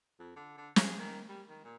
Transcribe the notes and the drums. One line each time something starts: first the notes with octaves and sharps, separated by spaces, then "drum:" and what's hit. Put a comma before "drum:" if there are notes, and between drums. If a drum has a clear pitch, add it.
F2
D3
D3
G#4, drum: snare
D#3
G3
D#3
A#2